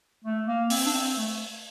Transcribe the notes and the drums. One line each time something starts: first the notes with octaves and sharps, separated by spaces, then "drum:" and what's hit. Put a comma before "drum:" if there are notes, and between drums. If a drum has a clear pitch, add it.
A3
A#3
C4, drum: open hi-hat
D4
C4
A3